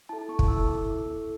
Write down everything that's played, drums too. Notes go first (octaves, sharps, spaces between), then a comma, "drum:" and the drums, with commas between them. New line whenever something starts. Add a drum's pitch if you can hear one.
E4 A4 A5
B3 C#6
drum: kick
E4 A4 E6
B3 D6
E4 A4
B3